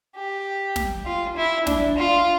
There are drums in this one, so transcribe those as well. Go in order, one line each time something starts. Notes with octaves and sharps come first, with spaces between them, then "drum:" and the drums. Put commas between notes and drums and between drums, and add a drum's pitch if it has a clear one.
G4
drum: snare
F4
E4
D4, drum: snare
F4